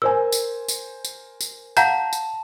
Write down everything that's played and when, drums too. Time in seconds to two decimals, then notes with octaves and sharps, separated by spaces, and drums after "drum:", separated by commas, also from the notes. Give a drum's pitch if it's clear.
0.02 A#4 C5 G#5 E6
0.32 drum: tambourine
0.69 drum: tambourine
1.05 drum: tambourine
1.41 drum: tambourine
1.77 F5 F#5 A5 A#5 G6, drum: tambourine
2.13 drum: tambourine